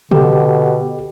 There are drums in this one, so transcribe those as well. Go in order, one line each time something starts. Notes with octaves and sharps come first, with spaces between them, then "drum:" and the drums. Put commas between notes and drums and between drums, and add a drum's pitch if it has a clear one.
B2 D3 G4, drum: tom C3